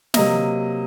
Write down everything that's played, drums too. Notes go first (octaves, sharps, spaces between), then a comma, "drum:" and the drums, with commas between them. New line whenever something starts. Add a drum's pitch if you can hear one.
C3 F#3 A#3 D#5, drum: snare